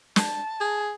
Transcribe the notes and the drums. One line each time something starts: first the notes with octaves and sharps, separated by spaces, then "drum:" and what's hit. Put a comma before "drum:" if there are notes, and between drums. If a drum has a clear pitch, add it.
A5, drum: snare
G#4